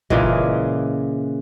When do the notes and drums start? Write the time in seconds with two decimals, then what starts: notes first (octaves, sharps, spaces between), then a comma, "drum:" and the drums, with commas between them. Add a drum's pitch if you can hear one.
0.10 A#2 C#3 E3 G#3, drum: kick